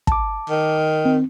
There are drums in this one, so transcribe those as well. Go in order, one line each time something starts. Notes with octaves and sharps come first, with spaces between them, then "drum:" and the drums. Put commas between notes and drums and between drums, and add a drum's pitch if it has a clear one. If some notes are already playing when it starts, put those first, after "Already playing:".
A5 D6, drum: kick
D#3
C4